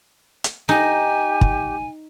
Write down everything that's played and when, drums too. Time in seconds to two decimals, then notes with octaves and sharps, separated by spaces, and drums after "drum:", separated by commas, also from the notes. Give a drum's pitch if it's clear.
0.44 drum: hi-hat
0.69 D#4 G4 G#5
1.41 drum: kick